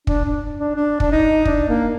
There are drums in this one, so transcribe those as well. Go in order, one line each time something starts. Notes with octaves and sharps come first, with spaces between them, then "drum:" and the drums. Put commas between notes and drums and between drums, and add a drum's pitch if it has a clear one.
D4, drum: kick
D4
D4
D4
D4, drum: kick
D#4
D4, drum: kick
A#3